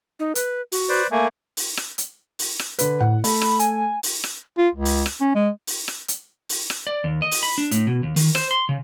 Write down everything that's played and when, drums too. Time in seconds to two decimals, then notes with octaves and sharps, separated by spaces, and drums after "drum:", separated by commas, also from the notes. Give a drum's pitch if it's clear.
0.20 D#4
0.35 B4, drum: hi-hat
0.72 F#4, drum: open hi-hat
0.89 B4 C5 D5
1.11 A3 A#3 G#5
1.57 drum: open hi-hat
1.77 drum: rim click
1.98 drum: hi-hat
2.39 drum: open hi-hat
2.59 drum: rim click
2.79 D3 B4, drum: hi-hat
3.00 A2 F#5
3.24 A3 B5, drum: open hi-hat
3.42 drum: rim click
3.59 G#5, drum: hi-hat
4.03 drum: open hi-hat
4.24 drum: rim click
4.58 F4
4.75 C#2
4.85 drum: open hi-hat
5.06 drum: rim click
5.21 C#4
5.35 G#3
5.67 drum: open hi-hat
5.88 drum: rim click
6.08 drum: hi-hat
6.49 drum: open hi-hat
6.70 drum: rim click
6.87 D5
7.04 D#2
7.22 D#5
7.31 drum: open hi-hat
7.43 B5
7.58 D4
7.71 A2, drum: hi-hat
7.87 B2
8.03 D#2
8.16 D#3, drum: open hi-hat
8.35 C5, drum: rim click
8.51 C6
8.69 C#3